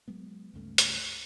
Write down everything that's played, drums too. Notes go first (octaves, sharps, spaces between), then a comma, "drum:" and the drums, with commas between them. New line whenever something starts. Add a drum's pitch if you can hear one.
F#3 G#3 B3
C#2 G2 C#3 A3
drum: hi-hat